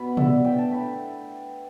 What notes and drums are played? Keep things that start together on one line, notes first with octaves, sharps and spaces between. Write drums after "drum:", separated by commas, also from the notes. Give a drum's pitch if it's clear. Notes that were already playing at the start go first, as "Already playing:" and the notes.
Already playing: B2 B5
B3 D4 E5, drum: tom
A2 G5
A5
A3 E4 B5